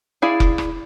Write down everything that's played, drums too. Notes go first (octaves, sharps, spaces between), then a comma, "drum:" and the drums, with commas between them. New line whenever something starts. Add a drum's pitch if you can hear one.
E4 G#4 D5 F5
drum: kick F1
drum: rim click